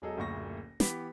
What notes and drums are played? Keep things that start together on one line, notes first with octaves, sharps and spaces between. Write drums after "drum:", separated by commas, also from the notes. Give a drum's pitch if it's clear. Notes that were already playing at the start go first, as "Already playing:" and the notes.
E1 F#3 G#4 A4 D#5
F#1 D2 A#2 C#6 A#6
E3 B3 G4 B5 B6, drum: snare